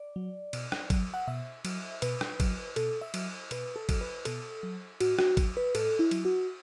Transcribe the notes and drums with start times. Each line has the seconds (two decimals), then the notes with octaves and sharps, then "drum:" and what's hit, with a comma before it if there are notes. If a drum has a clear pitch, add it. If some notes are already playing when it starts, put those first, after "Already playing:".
Already playing: D5
0.16 F#3
0.53 B2, drum: cymbal
0.72 drum: rim click
0.90 F#3, drum: kick, cymbal
1.14 F#5
1.27 B2 E5
1.65 F#3, drum: cymbal
2.02 B2 B4, drum: cymbal
2.21 drum: rim click
2.40 F#3, drum: kick, cymbal
2.76 B2 A4, drum: cymbal
3.01 E5
3.14 F#3, drum: cymbal
3.51 B2 B4, drum: cymbal
3.76 A4
3.89 F#3, drum: kick, cymbal
4.01 B4
4.25 B2 A4, drum: cymbal
4.63 F#3
5.00 A2 F#4, drum: cymbal
5.19 F#4, drum: rim click
5.37 F#3, drum: kick, cymbal
5.57 B4
5.75 A2 A4, drum: cymbal
5.99 E4
6.11 F#3, drum: cymbal
6.25 F#4